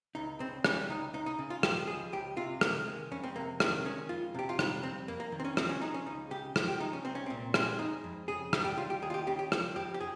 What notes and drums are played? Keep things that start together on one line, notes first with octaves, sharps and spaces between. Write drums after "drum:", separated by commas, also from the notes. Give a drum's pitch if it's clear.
C#2 D#4
C#3 C4
G3 C#4, drum: rim click
C#2 D#4
C#2 D#4
D#4
C#3
F4
F3 G4, drum: rim click
C#2 G#4
C#2 G4
C3 F4
D#3 A#3, drum: rim click
G#3
F2 C#4
C4
C3 A#3
D#3 C4, drum: rim click
G#3 C#4
F2 F4
C3 G4
F4
G3 D#4, drum: rim click
F2 C4
F2 A#3
A#3
D#3
C4
C#4
F3 C4, drum: rim click
C#4
G#3 D#4
C#4
C#2 D#4
C#3 G4
F3, drum: rim click
G4
G#3 D#4
C#4
C2 C4
C#4
C4
A#2
G#3 C4, drum: rim click
F2 D#4
F2
C#3 G#4
G3 G#4, drum: rim click
G4
D#2 F4
G4
D#2 G#4
F4
G4
C#3 G4
G4
F3, drum: rim click
F2 G4
G4
G#4